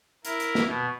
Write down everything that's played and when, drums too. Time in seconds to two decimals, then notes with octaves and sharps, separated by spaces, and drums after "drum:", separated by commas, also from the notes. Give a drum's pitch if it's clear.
0.25 E4 A#4, drum: hi-hat
0.40 drum: hi-hat
0.55 drum: snare
0.66 B2